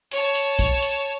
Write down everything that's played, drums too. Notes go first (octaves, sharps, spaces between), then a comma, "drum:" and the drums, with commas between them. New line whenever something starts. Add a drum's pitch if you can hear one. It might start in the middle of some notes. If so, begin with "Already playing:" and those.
C#5 A5, drum: hi-hat
drum: hi-hat
drum: kick A#1, hi-hat
drum: hi-hat